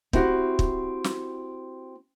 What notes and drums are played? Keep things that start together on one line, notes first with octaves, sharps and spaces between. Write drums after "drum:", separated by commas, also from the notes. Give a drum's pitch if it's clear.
C4 E4 F#4 G4, drum: kick
drum: kick
drum: snare